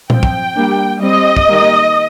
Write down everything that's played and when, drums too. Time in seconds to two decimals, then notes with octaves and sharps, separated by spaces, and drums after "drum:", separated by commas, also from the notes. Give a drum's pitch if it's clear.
0.10 F3 C4 G5, drum: tom A#2
0.23 drum: kick
0.55 G3 A#3 D4
1.01 G3 C4 D#5
1.37 drum: kick
1.48 D#3 G3 A#3